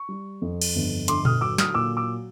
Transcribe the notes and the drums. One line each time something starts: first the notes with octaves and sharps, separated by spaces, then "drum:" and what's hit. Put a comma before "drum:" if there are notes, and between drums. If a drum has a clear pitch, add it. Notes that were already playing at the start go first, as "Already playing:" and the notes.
Already playing: C#6
G3
F2
drum: cymbal
G1
D3 C6 D6, drum: hi-hat
D#6 F6, drum: tom A#2
F#3 D6 E6
D#6 F6, drum: snare
A#2 D6 E6
D6 E6